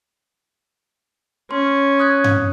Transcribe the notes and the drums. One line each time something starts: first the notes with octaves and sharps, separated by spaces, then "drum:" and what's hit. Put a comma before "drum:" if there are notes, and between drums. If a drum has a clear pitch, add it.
C#4 C6
D#6 F#6 G#6
drum: tom G2